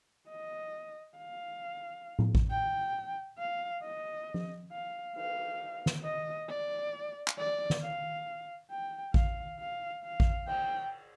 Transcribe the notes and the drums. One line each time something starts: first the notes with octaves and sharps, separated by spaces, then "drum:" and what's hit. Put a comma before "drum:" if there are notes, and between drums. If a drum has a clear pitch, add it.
D#5
F5
drum: tom A2
drum: kick A1
G5
F5
D#5
drum: tom F3
F5
F5, drum: cymbal
drum: snare
D#5
D5
drum: clap
D5
drum: snare
F5
G5
F5, drum: kick A1
F5
F5
drum: kick A1
G5, drum: cymbal